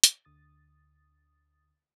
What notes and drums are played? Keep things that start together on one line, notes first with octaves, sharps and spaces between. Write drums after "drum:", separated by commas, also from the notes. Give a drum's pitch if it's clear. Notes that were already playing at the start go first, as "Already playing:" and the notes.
drum: hi-hat
D2 D3 D#6 A6